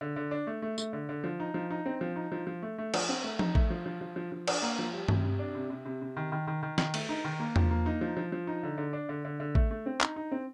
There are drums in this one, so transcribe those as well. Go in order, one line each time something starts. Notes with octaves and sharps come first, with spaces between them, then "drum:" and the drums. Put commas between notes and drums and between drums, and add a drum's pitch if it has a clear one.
D3
D3
D4
A3
A3
A3, drum: tambourine
D3
D3
F3
D#4
F3
D#4
C4
F3
D#4
F3
F3
A3
A3
F3, drum: cymbal
C4
A3
D#4, drum: tom F3
A3, drum: kick A1
F3
F3
F3
F3
F3
D4, drum: cymbal
A#3
F3
G3
C3, drum: tom G2
C3
D4
C3
C3
C3
C3
D#3
D#3
D#3
D#3
D#3, drum: snare
A3, drum: cymbal
D#4
D#3
A#3
F3, drum: tom E2
A#3
D#4
F3
F3
F3
D#4
D3
D3
D4
D3
D3
D3
A3, drum: kick A1
A3
C4
D#4, drum: clap
D#4
C4